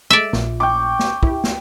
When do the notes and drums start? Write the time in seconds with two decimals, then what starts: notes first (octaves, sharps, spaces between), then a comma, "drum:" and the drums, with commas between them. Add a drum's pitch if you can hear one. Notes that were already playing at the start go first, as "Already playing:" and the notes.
0.10 G#3 A3 D5 E5
0.33 A#1 A#2, drum: snare
0.60 G5 C#6 D6
0.99 drum: snare
1.23 E4 G4, drum: kick
1.44 drum: snare